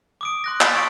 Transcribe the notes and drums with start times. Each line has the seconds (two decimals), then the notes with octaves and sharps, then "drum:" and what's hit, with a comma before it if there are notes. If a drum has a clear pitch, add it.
0.21 D6 D#6 D7
0.44 C6 F#6 A#6
0.61 A6 B6, drum: clap
0.75 C6 C#6 D#6 E6 D7